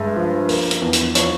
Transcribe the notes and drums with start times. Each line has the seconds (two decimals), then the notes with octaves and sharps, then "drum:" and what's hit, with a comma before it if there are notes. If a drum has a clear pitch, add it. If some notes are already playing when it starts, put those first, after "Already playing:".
Already playing: G2 G#3 E5
0.16 F3
0.49 A#3, drum: open hi-hat
0.71 drum: hi-hat
0.82 E2
0.93 drum: hi-hat
1.15 F3 C#5, drum: hi-hat